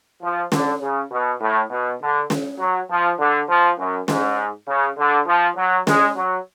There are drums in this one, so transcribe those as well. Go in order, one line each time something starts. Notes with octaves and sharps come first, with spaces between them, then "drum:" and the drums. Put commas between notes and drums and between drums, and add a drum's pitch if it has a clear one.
F3
D3, drum: snare
C#3
B2
A2
B2
D3
drum: snare
F#3
F3
D3
F3
F#2
G#2, drum: snare
C#3
D3
F3
F#3
G#3, drum: snare
F#3